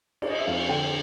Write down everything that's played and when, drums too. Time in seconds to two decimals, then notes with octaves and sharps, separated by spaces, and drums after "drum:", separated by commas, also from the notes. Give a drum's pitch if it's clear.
0.22 D5, drum: cymbal
0.30 D#5
0.38 E5
0.47 F2 F5
0.69 D3 G5